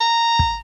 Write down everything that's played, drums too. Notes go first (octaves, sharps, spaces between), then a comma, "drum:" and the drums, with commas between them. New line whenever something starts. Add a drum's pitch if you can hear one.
A#5
drum: kick